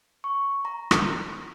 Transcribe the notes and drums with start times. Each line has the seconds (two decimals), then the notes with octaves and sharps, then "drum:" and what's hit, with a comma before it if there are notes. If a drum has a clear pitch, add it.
0.24 C#6
0.65 A#5
0.91 drum: rim click